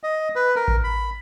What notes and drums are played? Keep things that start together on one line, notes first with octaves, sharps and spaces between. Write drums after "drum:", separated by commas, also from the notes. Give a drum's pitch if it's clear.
D#5
B4
A#4
drum: kick A1
B5